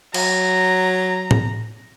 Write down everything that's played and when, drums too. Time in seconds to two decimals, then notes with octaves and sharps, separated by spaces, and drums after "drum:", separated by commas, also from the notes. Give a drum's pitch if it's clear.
0.14 F#3 A#5, drum: cymbal
1.31 drum: tom A2